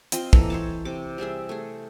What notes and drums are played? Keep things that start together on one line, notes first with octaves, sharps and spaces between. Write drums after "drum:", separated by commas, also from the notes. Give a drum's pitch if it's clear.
C4 F4 D#5 C6, drum: hi-hat
E3 A#3 A4 D#5, drum: kick
C5 C#5 A5
C3 D6
G3 C4 G#4 E5
A3 G#4